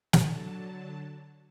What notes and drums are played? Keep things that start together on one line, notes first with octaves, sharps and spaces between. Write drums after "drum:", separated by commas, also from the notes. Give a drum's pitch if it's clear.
D3 F#3 A5, drum: snare